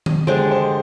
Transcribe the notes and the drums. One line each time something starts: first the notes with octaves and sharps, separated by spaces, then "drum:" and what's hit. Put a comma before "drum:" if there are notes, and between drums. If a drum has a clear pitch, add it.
drum: tom D#3
D3 G#3 D4 G4 C5
C5